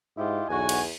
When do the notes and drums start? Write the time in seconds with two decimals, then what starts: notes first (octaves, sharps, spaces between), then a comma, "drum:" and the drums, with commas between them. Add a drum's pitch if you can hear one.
0.17 G#2 E4 F4 G4 D#5
0.49 B1 E2 F#4 G#5
0.69 drum: cymbal